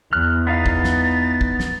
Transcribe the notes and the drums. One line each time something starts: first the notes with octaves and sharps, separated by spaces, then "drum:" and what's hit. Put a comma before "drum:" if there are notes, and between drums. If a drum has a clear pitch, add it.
E2 F6 F#6
B3 D#4 F5 A6
drum: kick
drum: snare
drum: kick
drum: snare